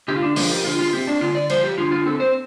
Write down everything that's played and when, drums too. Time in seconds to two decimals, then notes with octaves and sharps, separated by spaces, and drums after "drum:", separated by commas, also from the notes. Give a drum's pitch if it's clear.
0.08 D3 G4
0.16 F4
0.22 D4
0.36 F3 D4, drum: open hi-hat
0.51 G4
0.64 D3 F4
0.79 F4
0.93 C4 G4
1.07 D4
1.21 D3 F4
1.35 D5
1.50 F3 C5, drum: cymbal
1.63 G4
1.78 D3 F4
1.91 F4
2.06 C4 A4
2.20 C5